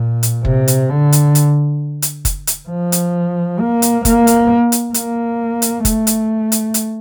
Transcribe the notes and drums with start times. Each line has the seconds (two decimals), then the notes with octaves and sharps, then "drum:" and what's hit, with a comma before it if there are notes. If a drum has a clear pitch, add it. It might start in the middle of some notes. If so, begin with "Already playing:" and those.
Already playing: A#2
0.23 drum: hi-hat
0.45 C3, drum: kick F#1
0.68 drum: hi-hat
0.90 D3
1.12 drum: hi-hat
1.35 drum: hi-hat
2.02 drum: hi-hat
2.25 drum: kick F#1, hi-hat
2.47 drum: hi-hat
2.69 F3
2.92 drum: hi-hat
3.59 A#3
3.82 drum: hi-hat
4.05 A#3, drum: kick F#1, hi-hat
4.27 drum: hi-hat
4.72 drum: hi-hat
4.94 A#3, drum: hi-hat
5.62 drum: hi-hat
5.85 A3, drum: kick F#1, hi-hat
6.07 drum: hi-hat
6.52 drum: hi-hat
6.74 drum: hi-hat